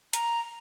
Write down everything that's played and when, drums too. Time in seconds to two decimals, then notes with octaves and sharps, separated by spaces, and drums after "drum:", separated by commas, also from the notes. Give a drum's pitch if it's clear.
0.13 A#5, drum: hi-hat